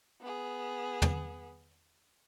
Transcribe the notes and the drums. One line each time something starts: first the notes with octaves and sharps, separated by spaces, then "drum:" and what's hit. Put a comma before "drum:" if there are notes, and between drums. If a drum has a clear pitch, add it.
B3 G#4
drum: tom